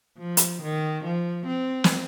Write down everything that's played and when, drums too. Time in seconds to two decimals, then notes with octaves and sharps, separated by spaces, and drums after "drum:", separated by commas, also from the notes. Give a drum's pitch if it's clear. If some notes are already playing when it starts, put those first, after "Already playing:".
0.19 F3
0.37 drum: hi-hat
0.62 D#3
1.05 F3
1.47 C4
1.84 drum: snare